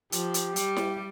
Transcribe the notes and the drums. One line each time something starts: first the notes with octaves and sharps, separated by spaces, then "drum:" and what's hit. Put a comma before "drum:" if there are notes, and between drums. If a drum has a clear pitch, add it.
F3 G4, drum: hi-hat
drum: hi-hat
G3, drum: hi-hat
drum: snare E4